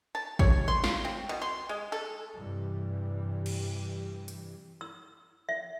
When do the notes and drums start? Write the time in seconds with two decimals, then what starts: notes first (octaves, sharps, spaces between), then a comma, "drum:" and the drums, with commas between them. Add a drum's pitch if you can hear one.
0.15 A5
0.39 C#5, drum: kick G#1
0.68 C6
0.84 F4, drum: snare
1.05 C4
1.29 B2
1.42 C6
1.69 G#3
1.92 A4
2.34 G2 C3 E3 G3
3.46 drum: cymbal
4.28 drum: hi-hat
4.81 E6
5.49 E5